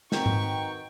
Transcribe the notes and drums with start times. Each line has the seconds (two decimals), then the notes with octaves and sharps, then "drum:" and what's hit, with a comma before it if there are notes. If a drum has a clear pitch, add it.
0.12 D#3 C4 D#4 F#4 B4 G5 C#6, drum: snare
0.26 drum: tom G#2